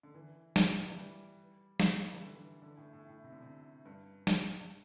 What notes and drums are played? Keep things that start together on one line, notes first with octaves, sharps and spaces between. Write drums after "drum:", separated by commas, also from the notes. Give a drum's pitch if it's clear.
D3
E3
drum: snare
G3
E3
G3
drum: snare
G3
E3
D3
E3
D3
A2
A2
A2
C3
D3
C3
G2
drum: snare